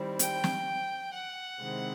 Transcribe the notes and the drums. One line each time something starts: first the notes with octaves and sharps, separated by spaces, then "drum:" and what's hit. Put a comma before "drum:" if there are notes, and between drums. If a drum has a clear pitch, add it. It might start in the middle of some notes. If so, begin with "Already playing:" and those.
Already playing: D#3 G3 C4 E4
G5, drum: hi-hat
drum: snare
F#5
C3 D#3 G#3 C4 E4